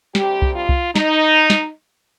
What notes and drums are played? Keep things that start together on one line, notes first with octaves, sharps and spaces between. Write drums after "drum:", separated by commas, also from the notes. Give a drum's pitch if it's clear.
D2 C3 G3 G4, drum: snare
drum: kick C2
F4
drum: kick C2
D#4, drum: snare
drum: snare